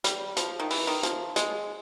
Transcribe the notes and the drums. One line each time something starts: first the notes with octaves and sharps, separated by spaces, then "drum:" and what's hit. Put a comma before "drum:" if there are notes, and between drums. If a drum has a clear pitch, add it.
G3, drum: hi-hat
F3, drum: hi-hat
D#3
E3, drum: open hi-hat
D#3
F3, drum: hi-hat
G#3, drum: hi-hat